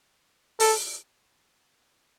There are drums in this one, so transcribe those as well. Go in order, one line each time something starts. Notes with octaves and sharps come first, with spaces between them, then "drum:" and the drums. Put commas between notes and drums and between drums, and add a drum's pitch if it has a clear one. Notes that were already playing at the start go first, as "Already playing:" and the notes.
A4, drum: open hi-hat